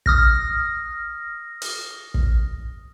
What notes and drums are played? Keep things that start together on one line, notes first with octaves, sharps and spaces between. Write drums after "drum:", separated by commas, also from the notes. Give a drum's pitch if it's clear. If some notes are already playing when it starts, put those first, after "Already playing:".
D#6 F6 A#6, drum: kick
drum: open hi-hat
drum: kick